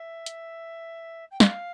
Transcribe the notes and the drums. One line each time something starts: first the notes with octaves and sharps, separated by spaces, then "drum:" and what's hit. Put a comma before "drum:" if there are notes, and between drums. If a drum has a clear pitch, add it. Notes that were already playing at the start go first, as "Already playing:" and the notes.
Already playing: E5
drum: hi-hat
G5
F5, drum: snare